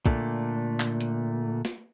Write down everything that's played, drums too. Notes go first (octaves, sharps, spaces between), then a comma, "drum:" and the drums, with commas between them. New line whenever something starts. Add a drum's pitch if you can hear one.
A#2 D3 A3, drum: kick
drum: clap
drum: hi-hat
drum: snare